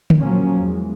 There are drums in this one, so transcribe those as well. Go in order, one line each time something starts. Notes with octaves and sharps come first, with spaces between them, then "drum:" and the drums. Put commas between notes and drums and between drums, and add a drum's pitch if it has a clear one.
drum: tom D3
A#2 F3 F#3 A#3 C#4
E2 G#3